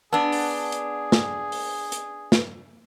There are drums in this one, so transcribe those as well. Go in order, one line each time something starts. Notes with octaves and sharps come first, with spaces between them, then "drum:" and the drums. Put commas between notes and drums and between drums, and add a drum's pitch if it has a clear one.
B3 D4 G#4 A5 E6
drum: open hi-hat
drum: hi-hat
drum: snare
drum: open hi-hat
drum: hi-hat
drum: snare